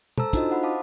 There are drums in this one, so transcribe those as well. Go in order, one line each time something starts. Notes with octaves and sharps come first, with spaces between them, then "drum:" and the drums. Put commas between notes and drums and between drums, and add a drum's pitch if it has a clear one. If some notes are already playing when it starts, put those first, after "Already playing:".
A4 C5 A5 A#5 E6, drum: tom
D4 D#4 F4 F#4 C5 D#5, drum: kick, hi-hat
C5 F#5 B5
F5 A5 D6 D#6